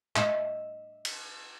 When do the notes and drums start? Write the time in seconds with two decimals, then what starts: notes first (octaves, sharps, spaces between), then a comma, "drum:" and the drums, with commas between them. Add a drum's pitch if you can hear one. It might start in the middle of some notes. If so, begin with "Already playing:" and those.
0.16 D#5 E5, drum: clap
1.05 drum: cymbal